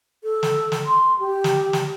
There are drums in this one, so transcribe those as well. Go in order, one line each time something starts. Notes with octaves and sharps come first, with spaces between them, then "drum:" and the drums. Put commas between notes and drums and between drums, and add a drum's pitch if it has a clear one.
A4
drum: snare
drum: snare
C6
G4
drum: snare
drum: snare